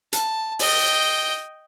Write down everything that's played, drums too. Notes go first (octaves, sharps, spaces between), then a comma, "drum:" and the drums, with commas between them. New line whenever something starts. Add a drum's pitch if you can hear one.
A5, drum: hi-hat
D#5 G5, drum: open hi-hat